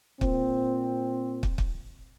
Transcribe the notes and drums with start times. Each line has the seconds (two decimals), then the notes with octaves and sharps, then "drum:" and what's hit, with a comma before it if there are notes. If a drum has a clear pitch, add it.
0.21 A#2 C4, drum: kick
1.43 drum: kick
1.58 drum: kick